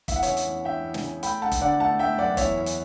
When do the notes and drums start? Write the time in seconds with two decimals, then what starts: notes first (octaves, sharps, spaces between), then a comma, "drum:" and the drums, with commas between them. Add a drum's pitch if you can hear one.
0.08 E2 E5, drum: kick, hi-hat
0.15 F#5
0.23 C#3 C#5 E5, drum: hi-hat
0.37 drum: hi-hat
0.46 E2
0.65 E2 E5 G5
0.84 E2
0.94 drum: snare
1.04 C#3
1.23 A3 G5 B5, drum: hi-hat
1.42 A3 F#5 A5
1.52 drum: kick, hi-hat
1.61 D3 D5 F#5
1.80 A3 F#5 A5
1.99 A3 E5 G5
2.18 F#2 D5 F#5
2.37 E2 C#5 E5, drum: kick, hi-hat
2.57 E2
2.66 drum: hi-hat